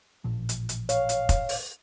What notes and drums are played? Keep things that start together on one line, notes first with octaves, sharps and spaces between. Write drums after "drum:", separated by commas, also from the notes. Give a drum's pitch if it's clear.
A1 A#2 F3
drum: hi-hat
drum: hi-hat
C#5 F5, drum: hi-hat
drum: hi-hat
drum: kick F1, hi-hat
drum: open hi-hat